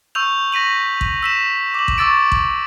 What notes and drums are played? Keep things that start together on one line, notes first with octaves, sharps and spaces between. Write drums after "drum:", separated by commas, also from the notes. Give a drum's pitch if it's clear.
C#6 E6 G6 F7
C#6 A#6 B6 D#7 F#7
drum: kick A1
E6 B6 E7
D6 F#7
drum: kick A1
C#6 D6 E6 A6 D7
drum: kick A1